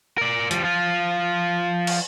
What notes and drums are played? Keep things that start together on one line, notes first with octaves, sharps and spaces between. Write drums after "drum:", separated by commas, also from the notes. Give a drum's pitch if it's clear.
A#4 D5
F3 G3, drum: hi-hat
F3 F4
drum: cymbal